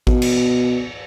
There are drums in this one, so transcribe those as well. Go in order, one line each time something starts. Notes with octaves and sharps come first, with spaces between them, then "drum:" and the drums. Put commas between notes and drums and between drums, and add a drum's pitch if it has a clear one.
B2, drum: kick A1
drum: cymbal